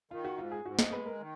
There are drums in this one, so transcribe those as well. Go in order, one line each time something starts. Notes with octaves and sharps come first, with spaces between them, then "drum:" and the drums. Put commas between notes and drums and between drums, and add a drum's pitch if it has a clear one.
D#3 F4
F#4
G#2 F4
G#4
G#2 F#4
D#5, drum: snare
G#3 B4
A#4
D#3